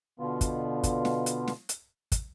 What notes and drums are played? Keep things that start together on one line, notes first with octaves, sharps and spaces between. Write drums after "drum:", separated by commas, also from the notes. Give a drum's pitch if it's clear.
B2 D3 B3 F4
drum: kick, hi-hat
drum: kick, hi-hat
drum: snare
drum: hi-hat
drum: snare
drum: hi-hat
drum: kick, hi-hat